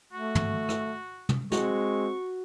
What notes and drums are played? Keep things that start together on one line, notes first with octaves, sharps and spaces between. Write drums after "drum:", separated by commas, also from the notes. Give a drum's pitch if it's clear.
A3 F#4
drum: tom
drum: rim click
drum: tom
G#3 C4 F#4 C#6, drum: snare